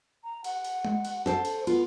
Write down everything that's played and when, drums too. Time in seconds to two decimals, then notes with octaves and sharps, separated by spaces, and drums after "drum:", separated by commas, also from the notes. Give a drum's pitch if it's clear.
0.24 A#5
0.44 F#5, drum: cymbal
0.64 drum: cymbal
0.85 drum: tom G#3
1.05 drum: cymbal
1.26 A4 C5 A5, drum: snare
1.45 drum: cymbal
1.67 B3 F4, drum: cymbal